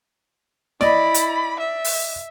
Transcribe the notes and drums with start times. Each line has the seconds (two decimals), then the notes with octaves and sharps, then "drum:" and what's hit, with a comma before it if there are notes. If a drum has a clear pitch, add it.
0.81 E4 D5 D#5 B5, drum: snare
1.14 drum: hi-hat
1.59 E5
1.84 drum: open hi-hat